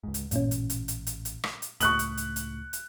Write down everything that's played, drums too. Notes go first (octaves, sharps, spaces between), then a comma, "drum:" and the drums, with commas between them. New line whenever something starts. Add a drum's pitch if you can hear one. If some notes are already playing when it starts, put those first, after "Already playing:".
C#2 G#2
drum: hi-hat
A1 G2 A#2 C#4, drum: hi-hat
drum: hi-hat
drum: hi-hat
drum: hi-hat
drum: hi-hat
drum: hi-hat
drum: rim click
drum: hi-hat
C#2 A2 C#6 D#6 F#6 F#7, drum: hi-hat
drum: hi-hat
drum: hi-hat
drum: hi-hat
drum: hi-hat